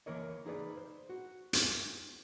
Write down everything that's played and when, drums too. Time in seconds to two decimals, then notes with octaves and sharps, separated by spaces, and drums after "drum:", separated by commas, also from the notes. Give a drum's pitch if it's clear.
0.06 E3 G#3 A#3 A#4 C#5 D#5
0.46 D#4 G#4 B4 D5
0.78 C5
1.10 F#4
1.53 drum: hi-hat